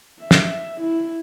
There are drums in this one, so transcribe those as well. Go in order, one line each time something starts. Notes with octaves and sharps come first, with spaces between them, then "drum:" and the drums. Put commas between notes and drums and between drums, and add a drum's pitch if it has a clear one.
E5
drum: snare
E4